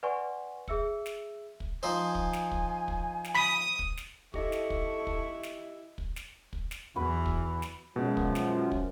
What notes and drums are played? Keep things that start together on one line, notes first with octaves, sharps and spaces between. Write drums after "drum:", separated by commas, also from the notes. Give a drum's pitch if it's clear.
B4 D5 F#5 G#5 C6 C#6
G#4 E5 E6 C#7, drum: kick
drum: snare
drum: kick
F3 D#4 C5 G#5
drum: kick
drum: snare
drum: kick
drum: kick
drum: snare
B5 D#6 B6
drum: kick
drum: snare
E4 G4 A4 D#5 C#6, drum: kick
drum: snare
drum: kick
drum: kick
drum: snare
drum: kick
drum: snare
drum: kick
drum: snare
E2 E3 F#4 B4 B5
drum: kick
drum: snare
F#2 B2 F3 G#3
drum: kick
drum: snare
drum: kick